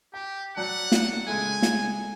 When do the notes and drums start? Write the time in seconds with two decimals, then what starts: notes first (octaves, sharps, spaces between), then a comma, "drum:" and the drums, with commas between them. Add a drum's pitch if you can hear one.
0.14 G4 G5
0.56 F#3 D5 F#5 A5
0.92 drum: snare
1.28 C#3 G#3 A3 G#5
1.62 drum: snare